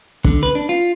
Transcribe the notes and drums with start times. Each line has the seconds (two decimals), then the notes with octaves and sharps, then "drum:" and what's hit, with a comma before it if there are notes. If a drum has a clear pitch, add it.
0.24 D3, drum: kick
0.43 B4
0.55 D4
0.69 F4